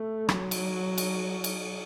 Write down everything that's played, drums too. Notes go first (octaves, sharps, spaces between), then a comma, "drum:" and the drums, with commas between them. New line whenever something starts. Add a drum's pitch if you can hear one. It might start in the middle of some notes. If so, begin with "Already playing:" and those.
Already playing: A3
F#3, drum: rim click
drum: cymbal
drum: cymbal
drum: cymbal